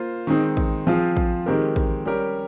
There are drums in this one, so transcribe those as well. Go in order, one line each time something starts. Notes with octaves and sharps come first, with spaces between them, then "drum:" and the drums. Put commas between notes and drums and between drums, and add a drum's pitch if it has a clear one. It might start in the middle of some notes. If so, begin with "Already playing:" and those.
Already playing: A#3 F4 C5
D#3 G#3 C4 D#4
drum: kick
F3 C4 F4 G#4
drum: kick
D#3 G#3 C4 G4 A#4
drum: kick
G3 C#4 G4 A#4